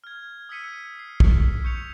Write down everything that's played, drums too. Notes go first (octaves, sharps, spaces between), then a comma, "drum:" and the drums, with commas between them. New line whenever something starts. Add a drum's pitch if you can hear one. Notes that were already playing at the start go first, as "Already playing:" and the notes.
F6 G#6
D#6 E6 G#6 B6 C#7 D#7
C7
drum: kick
C#6 G6 C#7 F7